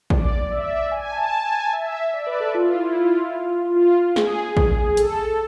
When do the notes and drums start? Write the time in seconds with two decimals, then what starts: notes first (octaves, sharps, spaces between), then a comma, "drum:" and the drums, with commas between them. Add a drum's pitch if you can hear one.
0.10 D5, drum: kick A#1
0.51 E5
0.61 E5
0.91 G#5
1.12 A5
1.32 A5
1.46 G#5
1.73 E5
2.13 D5
2.27 B4
2.40 A4
2.54 F4
2.74 E4
2.94 F4
3.76 F4
4.16 G#4, drum: snare
4.57 drum: kick A#1
4.97 A4, drum: hi-hat